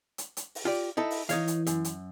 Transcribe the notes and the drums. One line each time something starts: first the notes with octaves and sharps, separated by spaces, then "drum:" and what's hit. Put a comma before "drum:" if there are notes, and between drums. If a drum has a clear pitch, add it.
drum: hi-hat
drum: hi-hat
drum: open hi-hat
F4 G4 D5
D#4 E4 A4
drum: open hi-hat
E3 D#4 C#5 F5, drum: hi-hat
drum: hi-hat
F#2, drum: hi-hat
drum: hi-hat